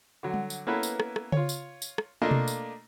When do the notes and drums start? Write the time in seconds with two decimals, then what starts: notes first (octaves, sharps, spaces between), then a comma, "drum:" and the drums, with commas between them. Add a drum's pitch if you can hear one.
0.23 D3 F#3
0.34 drum: tom G3
0.50 drum: tambourine
0.67 A#3 B3 C#4 E4 A4 B4
0.83 drum: tambourine
1.00 drum: rim click
1.16 drum: rim click
1.32 F4 C#5, drum: tom C#3
1.49 drum: tambourine
1.82 drum: tambourine
1.98 drum: rim click
2.22 A3 A#3 D4 F4 D#5
2.31 drum: tom B2
2.48 drum: tambourine